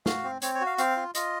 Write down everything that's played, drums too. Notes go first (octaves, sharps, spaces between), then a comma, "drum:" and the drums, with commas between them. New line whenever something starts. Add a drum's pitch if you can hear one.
F#4 F5, drum: snare
C4
C4 C#5, drum: hi-hat
C#5
F#4
F5
C4 F5, drum: hi-hat
F4
F4 D#5, drum: hi-hat